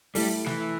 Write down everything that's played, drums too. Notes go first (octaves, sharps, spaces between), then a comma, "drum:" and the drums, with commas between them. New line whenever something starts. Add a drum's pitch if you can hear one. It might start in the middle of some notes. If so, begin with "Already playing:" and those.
G3 A3 E4 A4, drum: open hi-hat
E3, drum: snare